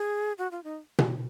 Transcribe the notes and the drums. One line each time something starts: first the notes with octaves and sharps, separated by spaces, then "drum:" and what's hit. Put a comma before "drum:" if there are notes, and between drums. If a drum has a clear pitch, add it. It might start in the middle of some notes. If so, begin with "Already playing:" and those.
Already playing: G#4
F#4
F4
D#4
drum: tom B2